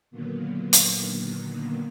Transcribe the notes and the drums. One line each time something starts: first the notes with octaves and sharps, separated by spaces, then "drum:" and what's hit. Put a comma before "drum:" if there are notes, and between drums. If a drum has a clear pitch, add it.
A#2 D3 D#3 F#3 A#3 B3
drum: hi-hat